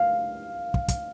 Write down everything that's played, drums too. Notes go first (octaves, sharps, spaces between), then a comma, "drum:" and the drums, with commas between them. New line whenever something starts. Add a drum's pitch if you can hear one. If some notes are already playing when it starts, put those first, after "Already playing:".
Already playing: F5
drum: kick
drum: kick, hi-hat